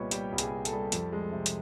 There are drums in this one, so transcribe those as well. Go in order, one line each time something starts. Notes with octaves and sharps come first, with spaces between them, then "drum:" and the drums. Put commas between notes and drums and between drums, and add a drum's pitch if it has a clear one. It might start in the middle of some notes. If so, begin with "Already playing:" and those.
Already playing: C2 A#2 G3 B3 C#5 D#5 C#6
G3 G4 G5, drum: hi-hat
C2
G#4 G#5, drum: hi-hat
C2
A4 A5, drum: hi-hat
G3
F2, drum: hi-hat
G#3
C3
drum: hi-hat